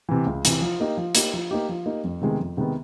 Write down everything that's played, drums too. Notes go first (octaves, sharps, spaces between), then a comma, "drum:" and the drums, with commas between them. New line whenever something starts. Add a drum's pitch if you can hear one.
C3 E3
C#2
C3 E3, drum: hi-hat
F3
A#3 D#4 G4
F3
A#3 D#4 G4, drum: hi-hat
F3
A#3 D#4 G4
F3
A#3 D#4 G4
F2
C3 D#3 G#3 B3
F2
C3 D#3 G#3 B3